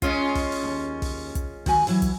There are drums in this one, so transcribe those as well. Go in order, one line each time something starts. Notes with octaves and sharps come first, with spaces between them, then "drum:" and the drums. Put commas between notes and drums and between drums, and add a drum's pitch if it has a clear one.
G#3 C#4 F4, drum: kick, hi-hat
drum: kick, open hi-hat
drum: open hi-hat
D#2
drum: kick, open hi-hat
drum: kick, hi-hat
D#3 F#4 G#5, drum: kick, open hi-hat
E3 F#3 E4, drum: open hi-hat
drum: kick, hi-hat